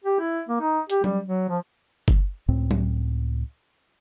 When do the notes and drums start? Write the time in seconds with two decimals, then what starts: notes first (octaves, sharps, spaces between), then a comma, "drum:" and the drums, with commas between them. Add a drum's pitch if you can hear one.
0.04 G4
0.20 E4
0.49 A#3
0.61 D#4
0.90 G4, drum: hi-hat
1.04 G3, drum: tom F#3
1.27 F#3
1.49 F3
2.08 drum: kick F#1
2.48 C#2 A2 C4
2.71 drum: tom F#3